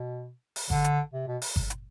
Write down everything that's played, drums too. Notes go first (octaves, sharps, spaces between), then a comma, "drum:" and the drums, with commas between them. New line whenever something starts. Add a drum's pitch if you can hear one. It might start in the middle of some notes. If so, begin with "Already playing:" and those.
Already playing: B2
drum: open hi-hat
D3, drum: kick G1
drum: hi-hat
C3
B2
drum: open hi-hat
drum: kick G1
drum: hi-hat